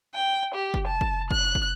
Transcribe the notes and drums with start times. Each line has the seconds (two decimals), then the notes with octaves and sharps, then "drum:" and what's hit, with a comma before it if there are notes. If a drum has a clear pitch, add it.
0.15 G5
0.55 G4
0.74 drum: kick
0.87 A5
1.01 drum: kick
1.31 F#6, drum: kick
1.55 drum: kick